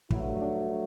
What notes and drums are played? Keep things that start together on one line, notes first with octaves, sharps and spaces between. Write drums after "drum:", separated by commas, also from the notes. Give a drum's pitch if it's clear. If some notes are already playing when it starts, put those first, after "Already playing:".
G2 F#3 A3 E4, drum: kick
D4